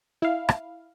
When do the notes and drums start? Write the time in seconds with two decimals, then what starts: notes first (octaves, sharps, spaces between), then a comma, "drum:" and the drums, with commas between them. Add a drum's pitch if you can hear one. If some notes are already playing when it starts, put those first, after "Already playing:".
0.22 E4 F5
0.49 drum: rim click